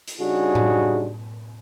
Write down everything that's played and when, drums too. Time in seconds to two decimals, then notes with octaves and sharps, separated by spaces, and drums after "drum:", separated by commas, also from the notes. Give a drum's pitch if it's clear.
0.08 drum: hi-hat
0.20 C#3 G3 D4 D#4 F#4 G#4
0.55 drum: tom A2